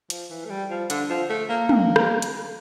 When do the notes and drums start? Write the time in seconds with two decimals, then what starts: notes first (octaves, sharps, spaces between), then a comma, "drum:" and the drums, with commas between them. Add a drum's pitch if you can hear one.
0.10 F3, drum: hi-hat
0.30 E3
0.45 A3
0.50 G3
0.70 F3
0.90 D3, drum: hi-hat
1.10 F3
1.30 A3
1.49 A#3
1.69 drum: tom
1.96 drum: rim click
2.22 drum: hi-hat